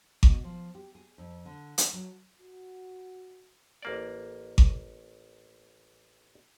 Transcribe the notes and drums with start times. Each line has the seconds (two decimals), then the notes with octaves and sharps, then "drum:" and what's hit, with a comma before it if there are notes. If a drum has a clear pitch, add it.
0.23 B2, drum: kick G#1
0.44 F3
0.75 G4
0.95 G#4
1.18 F2
1.45 D3
1.78 G#3, drum: hi-hat
1.93 F#3
2.39 F#4
3.83 A1 A#3 D5
4.58 drum: kick G#1